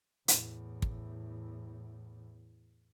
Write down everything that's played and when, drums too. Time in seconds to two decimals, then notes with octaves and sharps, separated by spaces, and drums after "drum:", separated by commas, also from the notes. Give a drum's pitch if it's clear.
0.28 E2 A2, drum: hi-hat
0.82 drum: kick